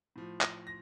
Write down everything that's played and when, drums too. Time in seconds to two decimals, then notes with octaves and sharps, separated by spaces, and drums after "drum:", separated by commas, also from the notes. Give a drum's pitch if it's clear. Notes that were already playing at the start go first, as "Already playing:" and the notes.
0.16 A2 F3
0.41 A#6, drum: clap
0.67 A#6